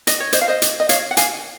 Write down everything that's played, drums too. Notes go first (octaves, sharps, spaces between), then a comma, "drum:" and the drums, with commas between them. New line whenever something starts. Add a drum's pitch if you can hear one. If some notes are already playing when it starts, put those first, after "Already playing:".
D#5, drum: hi-hat
C#5
C5 D#5, drum: hi-hat
F5
C5 D#5
drum: hi-hat
D#5
C#5 F5, drum: hi-hat
F#5
F5 G#5, drum: hi-hat